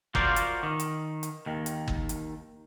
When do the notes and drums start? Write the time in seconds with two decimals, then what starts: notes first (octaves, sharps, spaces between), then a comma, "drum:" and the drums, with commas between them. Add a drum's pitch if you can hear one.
0.15 F4 F#4 A#4 C5 D5 F5, drum: kick
0.36 drum: hi-hat
0.63 D#3
0.80 drum: hi-hat
1.23 drum: hi-hat
1.46 D#2 D#3
1.66 drum: hi-hat
1.88 drum: kick
2.09 drum: hi-hat